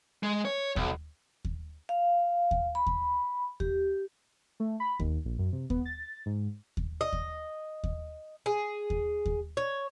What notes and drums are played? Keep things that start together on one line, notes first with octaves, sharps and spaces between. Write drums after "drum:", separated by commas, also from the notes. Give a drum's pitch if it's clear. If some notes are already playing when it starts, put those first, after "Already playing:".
G#3
C#5
B1, drum: kick D#2
drum: kick D#2
F5
drum: kick D#2
B5
drum: kick D#2
G4, drum: kick D#2
A3
B5
D#2, drum: kick D#2
A#1
F#2
C3
B3, drum: kick D#2
A6
G#2
drum: kick D#2
D#5
drum: kick D#2
drum: kick D#2
G#4
drum: kick D#2
drum: kick D#2
C#5